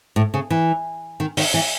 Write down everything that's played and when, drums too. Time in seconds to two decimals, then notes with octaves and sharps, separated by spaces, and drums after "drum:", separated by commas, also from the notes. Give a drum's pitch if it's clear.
0.16 A2
0.34 C#3
0.50 E3
1.20 D#3
1.37 D#3, drum: open hi-hat
1.54 E3